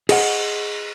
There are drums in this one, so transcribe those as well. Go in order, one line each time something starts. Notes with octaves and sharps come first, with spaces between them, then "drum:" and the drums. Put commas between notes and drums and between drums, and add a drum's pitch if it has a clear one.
G#4 D#5 F#5, drum: cymbal